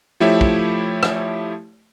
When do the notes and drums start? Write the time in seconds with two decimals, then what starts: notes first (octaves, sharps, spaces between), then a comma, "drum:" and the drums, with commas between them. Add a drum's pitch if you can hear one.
0.20 F3 A3 E4 G4 C#5 E5
0.41 drum: kick
1.03 drum: rim click